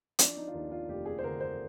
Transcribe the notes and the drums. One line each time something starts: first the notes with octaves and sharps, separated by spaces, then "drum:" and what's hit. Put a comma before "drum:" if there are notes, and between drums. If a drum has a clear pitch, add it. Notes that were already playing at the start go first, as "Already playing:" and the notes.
F3 D4, drum: hi-hat
D#4
F4
D#2 D#4
F4
F1 G4
G#4
C5
D3 A#4
C5